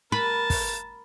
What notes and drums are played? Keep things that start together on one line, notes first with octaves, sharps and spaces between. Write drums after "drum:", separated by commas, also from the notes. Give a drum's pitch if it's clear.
A#4 B4 A5
drum: kick, open hi-hat